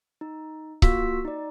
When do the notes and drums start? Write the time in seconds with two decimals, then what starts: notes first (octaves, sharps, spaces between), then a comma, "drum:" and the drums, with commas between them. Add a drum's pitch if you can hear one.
0.21 D#4
0.82 A#3 F4 F#4 E6 B6, drum: kick C#1
1.25 D#4 D5